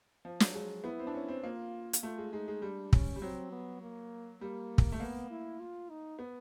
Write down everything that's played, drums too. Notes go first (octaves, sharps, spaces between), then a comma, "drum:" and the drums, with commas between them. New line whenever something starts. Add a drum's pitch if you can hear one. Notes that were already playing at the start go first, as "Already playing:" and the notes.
F3
F#3, drum: snare
G#3
B3 E4
C4
D4
C#4
C4
A#3 F4
drum: hi-hat
A3 F4
G#3
G#3 D#4
G#3
G3 D4
C#4, drum: kick
G3
F#3 C4
B3
A#3
G3 A#3
drum: kick
A3
A#3 B3
E4
F4
D#4
B3